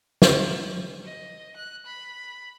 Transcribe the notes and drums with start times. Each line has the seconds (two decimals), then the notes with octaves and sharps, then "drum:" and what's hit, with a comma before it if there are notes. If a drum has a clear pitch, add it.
0.22 drum: snare
1.04 D#5
1.57 F#6
1.86 B5